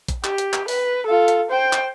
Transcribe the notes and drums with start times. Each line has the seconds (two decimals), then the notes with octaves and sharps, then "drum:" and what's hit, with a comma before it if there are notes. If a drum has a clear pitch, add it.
0.08 drum: kick, hi-hat
0.24 G4, drum: clap
0.38 drum: hi-hat
0.53 drum: clap
0.68 B4, drum: open hi-hat
1.07 F4 A4
1.28 drum: hi-hat
1.51 C5 G5
1.73 drum: clap